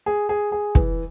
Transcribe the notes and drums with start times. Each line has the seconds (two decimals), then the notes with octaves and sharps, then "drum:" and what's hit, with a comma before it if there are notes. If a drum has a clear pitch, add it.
0.06 G#4
0.29 G#4
0.52 G#4
0.75 E3, drum: kick